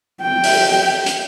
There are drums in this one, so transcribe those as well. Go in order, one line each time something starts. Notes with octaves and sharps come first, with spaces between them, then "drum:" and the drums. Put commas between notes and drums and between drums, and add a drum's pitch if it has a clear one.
G5
drum: open hi-hat
drum: hi-hat